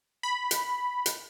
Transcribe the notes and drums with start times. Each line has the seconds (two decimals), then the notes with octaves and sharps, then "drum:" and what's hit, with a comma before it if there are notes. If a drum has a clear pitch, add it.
0.23 B5
0.51 drum: hi-hat
1.06 drum: hi-hat